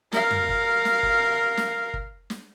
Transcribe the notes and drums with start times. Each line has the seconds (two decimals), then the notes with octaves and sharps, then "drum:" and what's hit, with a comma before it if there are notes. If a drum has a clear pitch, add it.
0.13 A#4 F5, drum: snare
0.31 drum: tom F2
0.49 drum: kick
0.85 drum: snare
1.03 drum: kick
1.57 drum: snare
1.94 drum: kick
2.30 drum: snare